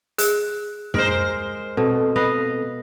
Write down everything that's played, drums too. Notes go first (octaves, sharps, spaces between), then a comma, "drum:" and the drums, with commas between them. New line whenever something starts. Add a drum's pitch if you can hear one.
G#4 F#6, drum: hi-hat
G#3 A#4 C5, drum: tom
B2 C4 A4
B4 D#5 F5